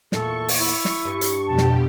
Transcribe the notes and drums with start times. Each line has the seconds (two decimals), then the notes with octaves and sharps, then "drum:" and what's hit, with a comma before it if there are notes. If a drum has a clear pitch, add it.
0.12 E2 A#2 A4 C#6, drum: snare
0.48 drum: open hi-hat
0.58 E4
0.85 drum: snare
1.05 G2
1.21 drum: hi-hat
1.47 F2 B2 G4 A5
1.58 drum: snare